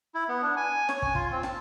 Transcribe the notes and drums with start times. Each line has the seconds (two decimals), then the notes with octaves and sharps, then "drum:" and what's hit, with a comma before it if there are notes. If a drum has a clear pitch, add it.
0.14 E4
0.28 B3
0.42 D4
0.57 G#5
0.89 C#5, drum: snare
1.02 G#5, drum: kick
1.15 F4, drum: kick
1.32 C4
1.43 A5, drum: snare